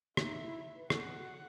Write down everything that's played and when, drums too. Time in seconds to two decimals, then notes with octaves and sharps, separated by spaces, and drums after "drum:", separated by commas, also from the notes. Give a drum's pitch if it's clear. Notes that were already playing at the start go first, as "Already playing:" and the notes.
0.17 D#4 E5, drum: rim click
0.36 D#4
0.42 E4
0.76 B4
0.90 A4 F#5, drum: rim click
1.02 G#4
1.16 F#4